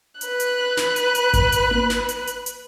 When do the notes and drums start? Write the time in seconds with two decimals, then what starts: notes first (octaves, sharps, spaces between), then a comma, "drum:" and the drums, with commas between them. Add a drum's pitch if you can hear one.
0.21 B4 F#6, drum: hi-hat
0.40 drum: hi-hat
0.77 drum: snare
0.96 drum: hi-hat
1.15 drum: hi-hat
1.33 drum: kick G#1, hi-hat
1.52 drum: hi-hat
1.71 drum: tom A#3
1.90 drum: snare
2.09 drum: hi-hat
2.27 drum: hi-hat
2.46 drum: hi-hat